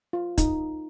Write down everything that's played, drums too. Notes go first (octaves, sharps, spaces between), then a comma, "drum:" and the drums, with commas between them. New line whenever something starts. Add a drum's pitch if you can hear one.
F4
D#4, drum: kick, hi-hat